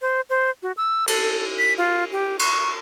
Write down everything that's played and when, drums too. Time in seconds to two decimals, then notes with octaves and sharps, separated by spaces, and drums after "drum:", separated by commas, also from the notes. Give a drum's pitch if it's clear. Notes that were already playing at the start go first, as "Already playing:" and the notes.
0.01 C5
0.30 C5
0.63 F#4
0.77 E6
1.08 A4, drum: cymbal
1.58 B6
1.78 F4
2.12 G4
2.39 C#6, drum: cymbal